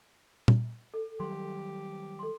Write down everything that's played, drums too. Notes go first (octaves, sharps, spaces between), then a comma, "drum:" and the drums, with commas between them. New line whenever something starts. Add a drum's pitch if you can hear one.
drum: tom
A4
D#3 F#3 G3 G4 C6
A4 C6